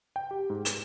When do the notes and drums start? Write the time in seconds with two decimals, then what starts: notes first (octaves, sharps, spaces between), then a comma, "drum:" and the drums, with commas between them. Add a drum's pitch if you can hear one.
0.16 G5
0.31 G4
0.50 G#2
0.65 E7, drum: hi-hat